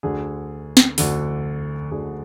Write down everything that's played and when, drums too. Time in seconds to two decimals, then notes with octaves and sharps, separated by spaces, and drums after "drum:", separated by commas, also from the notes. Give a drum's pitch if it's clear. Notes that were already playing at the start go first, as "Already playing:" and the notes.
0.03 D2 D3 G#4
0.77 drum: snare
0.98 D2 D3, drum: open hi-hat
1.91 D2 D3 G#4